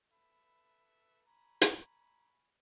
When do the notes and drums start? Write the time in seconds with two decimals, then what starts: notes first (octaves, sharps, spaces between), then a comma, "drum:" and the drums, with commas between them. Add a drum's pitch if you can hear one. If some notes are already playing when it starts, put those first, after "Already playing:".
0.12 A4 B4 E5 B5
1.26 G#5 A#5 B5 C#6
1.61 drum: hi-hat